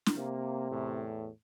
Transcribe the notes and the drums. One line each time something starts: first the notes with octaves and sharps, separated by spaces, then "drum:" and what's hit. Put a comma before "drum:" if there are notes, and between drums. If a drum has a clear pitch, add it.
drum: snare
C3 A#3
E2 A2